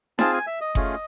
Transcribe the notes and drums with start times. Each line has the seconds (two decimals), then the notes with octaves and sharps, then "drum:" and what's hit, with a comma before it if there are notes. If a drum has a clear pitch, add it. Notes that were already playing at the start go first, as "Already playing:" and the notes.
0.19 C4 F4 G#4 A5, drum: snare D#4
0.33 G#5
0.47 E5
0.61 D#5
0.75 A3 C#4 F4 G#4, drum: kick F#1